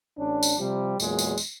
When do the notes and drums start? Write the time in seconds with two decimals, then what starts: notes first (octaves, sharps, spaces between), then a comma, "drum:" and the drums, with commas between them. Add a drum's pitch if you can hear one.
0.19 A1 C#4 D4
0.43 drum: tambourine
0.58 C3 F3 G3
1.00 E2 A#2 F#3 G#3, drum: tambourine
1.19 drum: tambourine
1.38 drum: tambourine